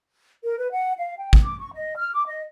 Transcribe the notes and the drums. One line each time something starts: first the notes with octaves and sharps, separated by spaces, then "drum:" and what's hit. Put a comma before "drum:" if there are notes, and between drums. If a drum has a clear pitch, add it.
A#4
B4
F#5
F5
G5
drum: kick A1
D6
C#6
D#5
F6
D6
D#5